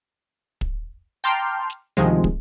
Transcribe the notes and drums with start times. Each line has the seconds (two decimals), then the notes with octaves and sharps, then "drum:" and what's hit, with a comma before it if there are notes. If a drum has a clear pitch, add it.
0.61 drum: kick
1.24 G5 A5 A#5 C6 D6 F6
1.70 drum: snare
1.97 D2 C3 D#3 F3 G#3
2.24 drum: kick